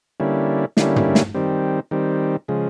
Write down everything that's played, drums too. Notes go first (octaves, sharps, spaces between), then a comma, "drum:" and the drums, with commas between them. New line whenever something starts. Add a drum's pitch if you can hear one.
D3 G3 A#3 C#4 E4
D3 G3 A#3 C#4 E4, drum: snare
drum: tom
drum: snare
D#3 G3 C4
D#3 G3 C4
C#3 F3 G#3